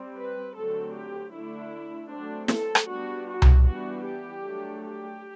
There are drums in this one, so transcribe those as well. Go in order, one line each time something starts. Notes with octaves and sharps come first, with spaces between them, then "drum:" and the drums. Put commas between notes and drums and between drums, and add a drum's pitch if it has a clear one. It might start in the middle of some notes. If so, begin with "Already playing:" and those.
Already playing: G3 C4
B4
D3 F#3 A3 C4 A4
G4
D3 A3 D4 E4
F#3 A3 C4 D4
A4, drum: snare
drum: rim click
G3 B3 D4 F#4
F#4
drum: tom C2
E3 G3 B3 D4 F#4
G4
F#3 A3 D4
G4